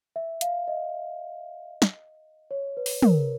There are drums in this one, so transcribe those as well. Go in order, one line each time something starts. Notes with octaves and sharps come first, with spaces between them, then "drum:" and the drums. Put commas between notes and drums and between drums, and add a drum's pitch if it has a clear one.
E5
F5, drum: hi-hat
D#5
drum: snare
C#5
B4
drum: open hi-hat
A#4, drum: tom